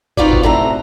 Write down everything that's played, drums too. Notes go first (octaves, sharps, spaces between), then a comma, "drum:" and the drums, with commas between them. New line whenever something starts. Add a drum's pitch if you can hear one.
C4 D#4 F4 F#4 B4 D5, drum: kick
drum: kick
A2 C3 C4 F#4 A#5